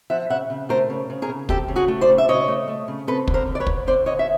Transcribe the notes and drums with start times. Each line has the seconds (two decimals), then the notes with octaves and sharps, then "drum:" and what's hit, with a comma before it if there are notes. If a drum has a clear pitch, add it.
0.10 F3 E5 F#5
0.30 C#3 E5 F#5
0.50 C#3
0.69 A3 A#4 C5
0.90 C#3
1.10 C#3
1.22 G#4 A#4
1.29 C#3
1.49 F3 G4 A4, drum: kick
1.68 C#3
1.76 F#4 G#4
1.88 A3
2.01 C5 D5
2.09 C#3
2.18 E5
2.28 C#3 C#5 D#5
2.48 A3
2.68 A3
2.88 C#3
3.07 C4 A4 B4
3.28 D3, drum: kick
3.34 A#4 C5
3.47 D3
3.55 D5
3.60 B4 C#5
3.67 D3, drum: kick
3.87 D3 C5 D5
4.06 D3 C#5 D#5
4.19 E5